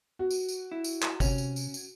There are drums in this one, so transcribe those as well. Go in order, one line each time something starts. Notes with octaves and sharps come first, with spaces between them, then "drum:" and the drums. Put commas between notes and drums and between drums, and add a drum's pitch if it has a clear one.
F#4
drum: tambourine
drum: tambourine
E4
drum: tambourine
drum: clap
C3 C#4, drum: kick G1, tambourine
drum: tambourine
drum: tambourine
drum: tambourine